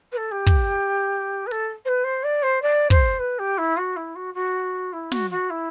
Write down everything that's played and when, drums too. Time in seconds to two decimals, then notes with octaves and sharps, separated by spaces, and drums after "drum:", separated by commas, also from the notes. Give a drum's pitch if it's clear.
0.12 B4
0.17 A4
0.31 G4
0.46 drum: kick
1.46 B4
1.51 A4, drum: hi-hat
1.85 C5
1.88 B4
2.04 C5
2.23 D5
2.43 C5
2.62 D5
2.90 C5, drum: kick
3.19 B4
3.39 G4
3.58 E4
3.77 F#4
3.96 E4
4.15 F#4
4.34 F#4
4.92 E4
5.12 F#4, drum: snare
5.30 F#4
5.50 E4